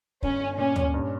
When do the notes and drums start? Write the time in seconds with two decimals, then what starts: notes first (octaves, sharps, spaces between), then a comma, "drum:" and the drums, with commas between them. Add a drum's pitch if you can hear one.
0.23 G1 C#4, drum: kick
0.40 G1
0.57 A#2 C#4
0.76 A#2, drum: tom D2
0.94 G2